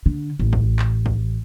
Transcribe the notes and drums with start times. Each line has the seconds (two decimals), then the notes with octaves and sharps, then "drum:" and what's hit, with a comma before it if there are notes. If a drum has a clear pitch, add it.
0.06 D3
0.39 A1
0.53 drum: kick
0.79 drum: clap
1.06 drum: kick